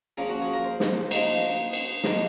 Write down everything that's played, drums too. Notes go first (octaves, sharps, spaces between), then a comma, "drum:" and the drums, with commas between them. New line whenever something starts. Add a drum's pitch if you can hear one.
F3 A#3 C#4 G#4
F#4
G#4
A#4
C5
drum: snare
F3 A#3 D#4, drum: cymbal
drum: cymbal
F3 A#3 D#4, drum: snare